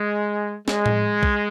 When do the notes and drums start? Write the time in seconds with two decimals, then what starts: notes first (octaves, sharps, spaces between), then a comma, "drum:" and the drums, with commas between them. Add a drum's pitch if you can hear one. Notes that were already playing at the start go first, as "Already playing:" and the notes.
Already playing: G#3
0.68 G#3, drum: snare
0.86 drum: tom A2
1.23 drum: kick